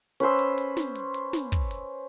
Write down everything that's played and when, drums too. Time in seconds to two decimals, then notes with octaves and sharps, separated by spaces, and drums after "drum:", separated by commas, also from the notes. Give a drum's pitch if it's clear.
0.20 C#4 B4 C5 E6, drum: hi-hat
0.39 drum: hi-hat
0.58 drum: hi-hat
0.77 drum: snare
0.95 drum: hi-hat
1.14 drum: hi-hat
1.33 drum: snare
1.52 drum: kick, hi-hat
1.71 drum: hi-hat